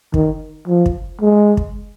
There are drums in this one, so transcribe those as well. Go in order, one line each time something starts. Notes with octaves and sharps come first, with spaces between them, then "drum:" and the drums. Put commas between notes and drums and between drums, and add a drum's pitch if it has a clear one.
D#3, drum: kick
F3
drum: kick
G#3
drum: kick